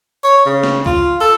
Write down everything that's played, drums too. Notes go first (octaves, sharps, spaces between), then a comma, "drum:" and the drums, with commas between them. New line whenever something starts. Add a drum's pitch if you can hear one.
C#5
C#3
drum: snare
F4, drum: kick
A4